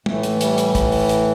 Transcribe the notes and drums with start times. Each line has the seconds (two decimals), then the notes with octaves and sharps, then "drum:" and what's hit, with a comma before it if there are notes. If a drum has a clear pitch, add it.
0.06 A2 E3 A3, drum: tom
0.23 drum: hi-hat
0.41 G3, drum: hi-hat
0.58 drum: hi-hat
0.75 drum: kick, hi-hat
0.92 drum: open hi-hat
1.09 drum: hi-hat